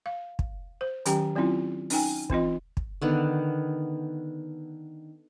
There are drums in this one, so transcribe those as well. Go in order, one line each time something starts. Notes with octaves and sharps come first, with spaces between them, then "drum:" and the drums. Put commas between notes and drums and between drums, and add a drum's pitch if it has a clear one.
F5
drum: kick
C5
D#3 F#3 C#4 G4 G5 A#5, drum: hi-hat
F#3 C4 C#4 E4 F4
C#4 D#4 G5 G#5, drum: open hi-hat
E3 C4 F4 D#5, drum: kick
drum: kick
D3 D#3 B3